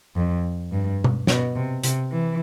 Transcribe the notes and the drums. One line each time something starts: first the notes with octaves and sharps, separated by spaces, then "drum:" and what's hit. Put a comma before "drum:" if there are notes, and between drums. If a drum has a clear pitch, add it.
F2
G2
drum: tom B2
B2, drum: snare
C3
C3, drum: hi-hat
E3